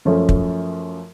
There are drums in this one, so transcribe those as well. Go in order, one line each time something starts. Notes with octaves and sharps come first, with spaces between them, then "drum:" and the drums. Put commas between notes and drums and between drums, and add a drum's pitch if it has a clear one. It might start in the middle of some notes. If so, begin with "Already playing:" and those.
F#2 F3 A3 C#4
drum: kick